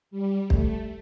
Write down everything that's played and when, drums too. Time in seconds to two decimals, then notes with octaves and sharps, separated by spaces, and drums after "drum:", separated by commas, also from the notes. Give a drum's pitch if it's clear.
0.11 G3
0.50 A3, drum: kick